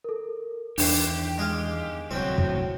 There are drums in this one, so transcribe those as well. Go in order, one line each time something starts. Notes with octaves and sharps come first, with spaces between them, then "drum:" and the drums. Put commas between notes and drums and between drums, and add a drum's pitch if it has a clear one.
A4 A#4
E2 G2 D#3 D4 G4 C7, drum: open hi-hat
G#3 G#4 F5
D1 C2 A2 F#3 C4 G5
drum: kick